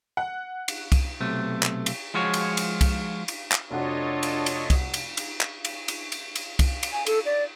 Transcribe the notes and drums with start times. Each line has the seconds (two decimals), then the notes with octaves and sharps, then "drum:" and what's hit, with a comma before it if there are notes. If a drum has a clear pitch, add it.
0.17 F#5
0.68 drum: cymbal
0.92 drum: kick, cymbal
1.20 B1 C3 A3
1.63 drum: clap
1.86 drum: cymbal
2.14 F3 G#3 F4 F#4 G#4 C#5
2.34 drum: cymbal
2.57 drum: cymbal
2.81 drum: kick, cymbal
3.28 drum: cymbal
3.52 drum: clap
3.71 F1 D4 F4 F#4 A4 C#5 D#5
4.23 drum: cymbal
4.46 drum: cymbal
4.70 drum: kick, cymbal
4.94 drum: cymbal
5.17 drum: cymbal
5.41 drum: clap
5.65 drum: cymbal
5.88 drum: cymbal
6.12 drum: cymbal
6.36 drum: cymbal
6.59 drum: kick, cymbal
6.83 drum: cymbal
6.93 G#5
7.06 A4, drum: cymbal
7.26 D5